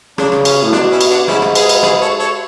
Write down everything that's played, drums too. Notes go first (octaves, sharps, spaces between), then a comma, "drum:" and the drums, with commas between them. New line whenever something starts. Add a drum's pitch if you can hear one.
C#3 D4, drum: rim click
drum: rim click
C#4, drum: cymbal
A2
B2 D4, drum: rim click
C#4 E4
drum: cymbal
D4 F#4
G#2 C#4 E4, drum: rim click
drum: rim click
G#4 B4, drum: cymbal
drum: cymbal
G#4 B4, drum: rim click
A4 C#5
A4 C#5